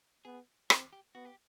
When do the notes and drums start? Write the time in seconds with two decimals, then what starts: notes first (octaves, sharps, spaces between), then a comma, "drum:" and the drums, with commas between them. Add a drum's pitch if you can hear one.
0.25 B3 G#4
0.70 C4 G#4, drum: rim click
0.93 G4
1.15 B3 F#4
1.25 G4